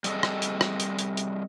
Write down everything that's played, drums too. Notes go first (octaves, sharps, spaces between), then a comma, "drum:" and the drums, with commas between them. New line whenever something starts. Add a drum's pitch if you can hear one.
G3 C4 G#4 A4 D#5, drum: hi-hat
drum: rim click
drum: hi-hat
drum: rim click
drum: hi-hat
drum: hi-hat
drum: hi-hat